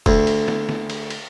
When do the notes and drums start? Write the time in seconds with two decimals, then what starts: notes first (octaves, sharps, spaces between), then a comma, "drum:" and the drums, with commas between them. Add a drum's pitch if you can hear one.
0.06 D2, drum: kick, cymbal
0.27 drum: cymbal
0.48 drum: snare
0.69 drum: snare
0.90 drum: cymbal
1.10 drum: cymbal